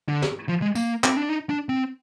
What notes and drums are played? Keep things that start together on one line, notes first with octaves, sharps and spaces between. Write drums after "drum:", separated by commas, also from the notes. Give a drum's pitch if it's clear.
D3
drum: snare
F3
G#3
A#3, drum: tambourine
C4, drum: clap
D4
D#4
D4
C4